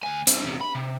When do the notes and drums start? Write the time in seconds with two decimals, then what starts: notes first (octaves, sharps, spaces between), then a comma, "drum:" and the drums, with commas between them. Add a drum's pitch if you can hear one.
0.03 D2 G#5
0.27 C4 D4, drum: hi-hat
0.43 E2 C3
0.61 B5
0.75 C3